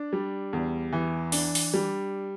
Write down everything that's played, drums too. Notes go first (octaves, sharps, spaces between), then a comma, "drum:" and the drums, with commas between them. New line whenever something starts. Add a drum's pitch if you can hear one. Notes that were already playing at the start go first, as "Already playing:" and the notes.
Already playing: D4
G3
E2
E3
D4, drum: open hi-hat
drum: open hi-hat
G3